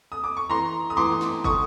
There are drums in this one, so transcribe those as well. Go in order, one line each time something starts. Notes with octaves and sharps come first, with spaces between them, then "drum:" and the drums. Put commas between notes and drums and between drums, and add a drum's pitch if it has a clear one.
D#6
D6
C#6
E3 A#5 C6
D#6
E3 C6 D6
drum: snare
C#6 D#6, drum: kick